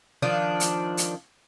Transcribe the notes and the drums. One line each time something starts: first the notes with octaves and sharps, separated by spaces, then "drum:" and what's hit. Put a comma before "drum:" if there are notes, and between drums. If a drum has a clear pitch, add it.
D#3 F3 D4
drum: hi-hat
drum: hi-hat